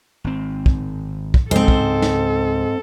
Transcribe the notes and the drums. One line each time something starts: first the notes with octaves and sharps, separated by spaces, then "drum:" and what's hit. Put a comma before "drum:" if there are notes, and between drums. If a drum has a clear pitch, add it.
G#1 C4
drum: kick
drum: kick
C#2 G#2 C4 A4 C5
drum: kick
drum: snare